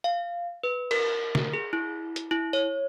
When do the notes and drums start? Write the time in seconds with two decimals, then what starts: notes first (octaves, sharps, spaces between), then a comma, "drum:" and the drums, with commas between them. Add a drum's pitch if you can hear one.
0.04 F5
0.64 B4
0.91 A#4, drum: cymbal
1.35 drum: snare
1.54 G#4
1.73 E4
2.16 drum: hi-hat
2.31 E4
2.53 C#5